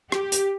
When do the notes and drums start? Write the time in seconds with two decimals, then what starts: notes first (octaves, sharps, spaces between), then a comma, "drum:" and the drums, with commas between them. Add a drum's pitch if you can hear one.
0.12 G4, drum: rim click
0.32 drum: hi-hat